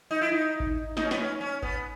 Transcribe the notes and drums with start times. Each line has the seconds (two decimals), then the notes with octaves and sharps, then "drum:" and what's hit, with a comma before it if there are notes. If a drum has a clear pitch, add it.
0.11 D#4
0.21 E4
0.32 D#4
0.60 drum: kick G#1
0.97 D#4, drum: snare
1.05 C#4
1.11 B3, drum: snare
1.18 C#4
1.41 C#4
1.62 B3, drum: kick G#1